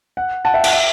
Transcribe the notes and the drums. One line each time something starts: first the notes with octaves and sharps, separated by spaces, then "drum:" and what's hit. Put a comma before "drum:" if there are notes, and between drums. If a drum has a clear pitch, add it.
F#5
F#5 A5
E5 G5
F#5, drum: cymbal
E5